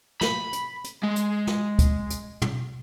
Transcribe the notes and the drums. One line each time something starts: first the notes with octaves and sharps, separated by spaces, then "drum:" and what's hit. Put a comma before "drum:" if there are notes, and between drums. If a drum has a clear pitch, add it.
B5, drum: snare
drum: hi-hat
drum: hi-hat
G#3
drum: hi-hat
drum: snare
drum: kick, hi-hat
drum: hi-hat
drum: tom